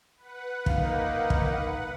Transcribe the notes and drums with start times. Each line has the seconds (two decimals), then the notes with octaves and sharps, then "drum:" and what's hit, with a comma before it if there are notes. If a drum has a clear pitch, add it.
0.17 B4 F#5
0.66 A#3 D#4 F5, drum: kick
1.30 drum: kick